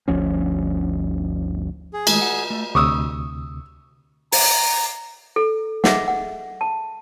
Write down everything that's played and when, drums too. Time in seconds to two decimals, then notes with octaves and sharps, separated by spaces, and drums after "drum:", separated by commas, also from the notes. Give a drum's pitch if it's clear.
0.08 G1 D2 F3 C#4
1.93 G#4
2.07 D#2 G#3 A3, drum: cymbal
2.21 F#5
2.50 A3
2.75 D2 C3 C#6 D#6 E6
4.32 A#5, drum: open hi-hat
5.36 A4
5.84 G#4 D#5 E5 F#5, drum: snare
6.08 F#5
6.61 A5